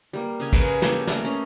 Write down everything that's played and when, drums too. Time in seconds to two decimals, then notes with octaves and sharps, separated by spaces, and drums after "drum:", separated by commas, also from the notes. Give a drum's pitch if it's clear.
0.13 G3 A#3
0.40 C#3 D#5 G#5
0.53 G#4 A#4 B4, drum: kick, cymbal
0.82 A#3 G4 A4 G#5, drum: snare
1.07 A3 A#3 D5 A#5, drum: snare
1.24 C#4 D#5